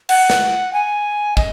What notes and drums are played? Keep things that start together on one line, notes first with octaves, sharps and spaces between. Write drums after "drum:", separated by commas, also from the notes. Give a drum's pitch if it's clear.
F#5, drum: cymbal
drum: snare
G#5
D#5, drum: kick